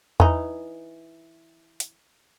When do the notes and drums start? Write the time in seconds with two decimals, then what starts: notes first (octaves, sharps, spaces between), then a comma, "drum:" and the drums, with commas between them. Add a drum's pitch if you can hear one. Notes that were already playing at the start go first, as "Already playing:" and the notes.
0.20 E3 D#4, drum: tom E2
1.80 drum: hi-hat